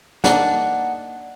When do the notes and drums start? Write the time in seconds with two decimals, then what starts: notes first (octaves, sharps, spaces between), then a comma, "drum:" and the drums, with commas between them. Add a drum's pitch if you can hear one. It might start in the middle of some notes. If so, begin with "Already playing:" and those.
0.24 A#3 D4 D#4 F#5, drum: snare